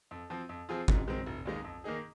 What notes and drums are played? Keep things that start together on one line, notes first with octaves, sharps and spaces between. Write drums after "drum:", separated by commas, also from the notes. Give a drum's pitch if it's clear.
F2
F3 C4
F2
F3 C4 F4 G#4
G#2, drum: kick G1
D#3 G#3 C4
F1
D#2 D#3 G#3 D#4
F2
D#3 A#3 D#4 G#4